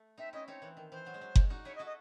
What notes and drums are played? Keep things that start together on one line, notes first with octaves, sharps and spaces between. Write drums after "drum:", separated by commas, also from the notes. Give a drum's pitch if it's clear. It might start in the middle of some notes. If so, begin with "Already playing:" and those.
Already playing: A3
C4 D#4 E5
C#4 E4 D#5
C4 D#4 C#5
E3
D#3
E3 C5
F#3
G#3
F#3
G#3, drum: kick F#1
D#4 F#4
E4 G#4 C#5
D#5
F#4 A4
D#5